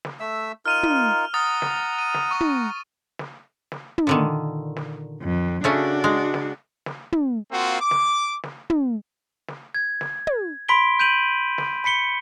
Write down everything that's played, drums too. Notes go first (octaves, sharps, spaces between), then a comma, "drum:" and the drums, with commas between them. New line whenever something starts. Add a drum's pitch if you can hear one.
drum: snare
A3 E5 E6
D#4 F4 A#4 F6 D#7 F7
drum: tom
F#5 A#5 D#6 F6 A6
drum: snare
D#7
drum: snare
C#6 D#6
drum: tom
drum: snare
drum: snare
drum: tom
A#2 D3 D#3
drum: snare
F2
C#3 A3 C#4 D4 F#4
G#3
drum: snare
drum: snare
drum: tom
A#3 C4 F4 F#4
D6
drum: snare
drum: snare
drum: tom
drum: snare
G#6
drum: snare
drum: tom
B5 C6 B6 D7 G7
G6 D7 D#7 F7 F#7
drum: snare
B5 B6 C#7 G7